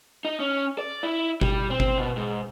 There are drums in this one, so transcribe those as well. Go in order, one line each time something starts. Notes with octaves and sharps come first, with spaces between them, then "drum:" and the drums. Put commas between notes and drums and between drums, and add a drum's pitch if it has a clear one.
D#4
C#4
D5
E4
G3, drum: kick G1
C4
drum: kick G1
B2
G#2